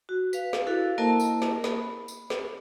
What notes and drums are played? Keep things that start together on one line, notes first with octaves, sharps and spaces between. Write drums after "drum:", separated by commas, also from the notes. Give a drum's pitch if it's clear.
F#4
B4 F5, drum: tambourine
drum: snare
E4 F#4 A4 F5
A#3 E4 A#4 C5 D#5 A5
drum: tambourine
drum: snare
B5, drum: snare
drum: tambourine
drum: snare